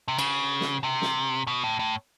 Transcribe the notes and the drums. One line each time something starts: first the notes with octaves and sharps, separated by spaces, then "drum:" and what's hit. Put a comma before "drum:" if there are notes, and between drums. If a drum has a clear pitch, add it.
C3
C#3, drum: cymbal
drum: snare
C3
drum: snare
B2
A2
A2